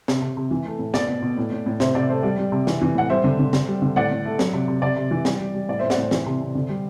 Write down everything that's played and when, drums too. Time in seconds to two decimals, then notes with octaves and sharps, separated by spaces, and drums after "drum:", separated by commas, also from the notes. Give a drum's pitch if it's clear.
0.08 C3, drum: snare
0.22 C3
0.37 C3
0.51 E3
0.66 A3
0.79 A2
0.94 B2 D5, drum: snare
1.08 B2
1.22 B2
1.37 A2
1.51 A2
1.66 A2
1.80 C3 C5 E5, drum: snare
1.95 C3 D5
2.09 A3 C5
2.23 G3 D5
2.39 G3
2.52 C3
2.67 E3, drum: snare
2.82 E3
2.95 A2 F#5
3.10 G3 C5 E5
3.24 D3
3.39 D3
3.53 D3, drum: snare
3.68 G3
3.82 D3
3.96 A2 D5 F#5
4.11 A2
4.25 A3
4.39 F#3, drum: snare
4.53 C3
4.68 C3
4.82 C3 D5
4.96 C3
5.11 E3
5.25 G3, drum: snare
5.40 G3
5.55 G3
5.69 A2 D5
5.79 A2 C5 E5
5.90 D5 F#5, drum: snare
5.98 A2 C5
6.11 E3, drum: snare
6.26 C3
6.41 C3
6.55 D3
6.69 G3